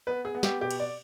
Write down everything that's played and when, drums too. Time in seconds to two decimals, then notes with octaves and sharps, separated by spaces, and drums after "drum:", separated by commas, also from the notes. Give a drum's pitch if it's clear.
0.07 B3 B4
0.25 G#4
0.35 B3
0.43 G4, drum: snare
0.61 B2 G4
0.71 drum: cymbal
0.80 D5